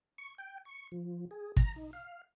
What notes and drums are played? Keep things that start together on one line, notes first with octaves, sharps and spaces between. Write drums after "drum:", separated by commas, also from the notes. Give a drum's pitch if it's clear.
C#6
G5
C#6
F3
G#4
A#5, drum: kick
D#4
F5